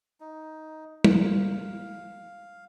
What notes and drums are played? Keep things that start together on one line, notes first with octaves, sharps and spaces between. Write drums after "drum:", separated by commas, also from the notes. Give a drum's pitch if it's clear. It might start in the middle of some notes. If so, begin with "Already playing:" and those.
D#4
F5, drum: tom